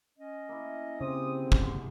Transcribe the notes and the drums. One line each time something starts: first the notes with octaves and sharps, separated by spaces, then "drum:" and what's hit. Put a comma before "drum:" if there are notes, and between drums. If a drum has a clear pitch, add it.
C#4 D#5
A#3 E4
C#3 C4 G4 G#4 D#6
D3
drum: kick